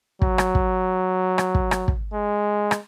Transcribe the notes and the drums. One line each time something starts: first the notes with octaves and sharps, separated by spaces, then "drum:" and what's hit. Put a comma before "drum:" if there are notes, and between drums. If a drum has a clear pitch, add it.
F#3, drum: kick
drum: rim click
drum: kick
drum: rim click
drum: kick
drum: rim click
drum: kick
G#3
drum: rim click